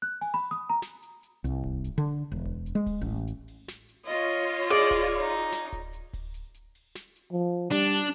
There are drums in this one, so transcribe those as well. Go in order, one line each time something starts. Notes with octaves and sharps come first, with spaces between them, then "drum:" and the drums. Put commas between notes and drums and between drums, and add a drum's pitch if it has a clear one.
F#6
G#5, drum: open hi-hat
B5
D#6
A#5
drum: snare
drum: hi-hat
drum: hi-hat
C2, drum: hi-hat
drum: kick D1
drum: hi-hat
D3
E1
drum: kick D1
drum: hi-hat
G#3
drum: kick D1, open hi-hat
A1
drum: hi-hat
drum: open hi-hat
drum: snare
drum: hi-hat
F4 C#5 D#5
drum: hi-hat
drum: hi-hat
G#4 D5 D#5, drum: hi-hat
drum: kick D1, hi-hat
D#4
drum: hi-hat
drum: snare
drum: kick D1, hi-hat
drum: hi-hat
drum: kick D1, open hi-hat
drum: hi-hat
drum: hi-hat
drum: open hi-hat
drum: snare
drum: hi-hat
F3
G3 D4
drum: hi-hat